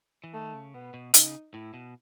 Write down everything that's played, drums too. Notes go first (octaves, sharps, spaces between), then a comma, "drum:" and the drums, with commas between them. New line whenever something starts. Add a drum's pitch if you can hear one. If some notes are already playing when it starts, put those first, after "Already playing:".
E3
D#3 A3
C#3
B2 B3
B2
C#3 D#4, drum: hi-hat
A2 E4
B2